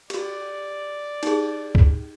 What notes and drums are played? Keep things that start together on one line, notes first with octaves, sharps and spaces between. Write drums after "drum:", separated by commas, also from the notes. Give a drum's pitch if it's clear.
F#4 G4 D5, drum: cymbal
D#4 G4 G#4, drum: cymbal
drum: kick